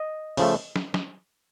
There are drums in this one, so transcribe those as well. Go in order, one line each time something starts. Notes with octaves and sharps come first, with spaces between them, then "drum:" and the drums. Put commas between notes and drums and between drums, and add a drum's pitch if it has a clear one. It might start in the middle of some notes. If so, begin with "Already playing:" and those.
Already playing: D#5
C#3 F3 A3, drum: open hi-hat
drum: snare
drum: snare